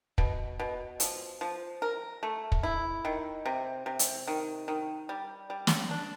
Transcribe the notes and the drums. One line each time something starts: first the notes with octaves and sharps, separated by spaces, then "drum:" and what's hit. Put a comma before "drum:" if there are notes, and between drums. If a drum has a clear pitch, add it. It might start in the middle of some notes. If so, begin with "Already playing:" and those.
B2, drum: kick
B2
F3, drum: hi-hat
F3
A#4
A3
drum: kick
E4
D#3
C3
C3
drum: hi-hat
D#3
D#3
G3
G3
drum: snare
D4